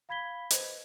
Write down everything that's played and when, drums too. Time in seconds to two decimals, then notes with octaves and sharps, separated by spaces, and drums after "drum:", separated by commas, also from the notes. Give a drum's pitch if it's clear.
0.09 F5 B5 G#6 B6 G7
0.50 B4 C5 D#5, drum: hi-hat